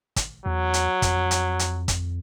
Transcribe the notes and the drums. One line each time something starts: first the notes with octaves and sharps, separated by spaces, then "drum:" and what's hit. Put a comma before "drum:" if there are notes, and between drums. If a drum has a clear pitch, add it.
drum: kick, hi-hat
E2 F#3
drum: hi-hat
F2, drum: kick, hi-hat
drum: hi-hat
drum: hi-hat
drum: kick, hi-hat